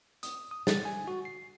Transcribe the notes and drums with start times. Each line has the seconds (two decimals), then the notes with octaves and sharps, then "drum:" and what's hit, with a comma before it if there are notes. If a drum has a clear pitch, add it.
0.23 D#6, drum: hi-hat
0.51 D#6
0.67 A6, drum: snare
0.85 G#5
1.07 F#4
1.25 C7